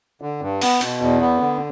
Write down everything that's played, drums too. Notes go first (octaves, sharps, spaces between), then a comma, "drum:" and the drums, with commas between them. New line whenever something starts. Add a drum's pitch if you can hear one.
D3
G2
B3, drum: open hi-hat
B2, drum: cymbal
E2
B3
D3